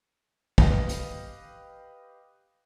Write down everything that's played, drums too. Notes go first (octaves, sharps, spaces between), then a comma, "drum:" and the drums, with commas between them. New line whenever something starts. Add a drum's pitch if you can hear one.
G4 B4 D#5 F5, drum: kick
drum: hi-hat